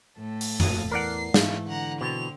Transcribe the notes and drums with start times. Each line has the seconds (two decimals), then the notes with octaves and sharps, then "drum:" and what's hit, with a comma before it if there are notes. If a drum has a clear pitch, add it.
0.20 A2 A4
0.41 drum: open hi-hat
0.60 E1 F2 A#2 F5 D#6, drum: tom F#2
0.91 E2 E3 A#4 D5 F#5 C7
1.34 G#2 E3 A3 F5, drum: snare
1.68 D3 F#5 A#5
2.01 B2 C4 F7